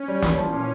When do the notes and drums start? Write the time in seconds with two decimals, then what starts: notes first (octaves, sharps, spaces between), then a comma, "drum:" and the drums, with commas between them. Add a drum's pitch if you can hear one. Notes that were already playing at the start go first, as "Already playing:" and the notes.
Already playing: C#4
0.08 G3
0.23 E3, drum: snare
0.37 F3 C#4
0.52 A#2